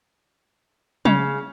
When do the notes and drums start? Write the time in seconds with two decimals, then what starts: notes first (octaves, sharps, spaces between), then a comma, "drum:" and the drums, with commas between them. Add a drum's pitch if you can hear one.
1.05 C#3, drum: tom